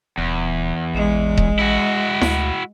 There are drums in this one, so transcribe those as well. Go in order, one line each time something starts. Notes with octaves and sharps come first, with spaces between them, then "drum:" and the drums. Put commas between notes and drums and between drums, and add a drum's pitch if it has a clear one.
D#1 E2
A1 G#3
drum: kick D#1
E4 F#4
D2, drum: snare E4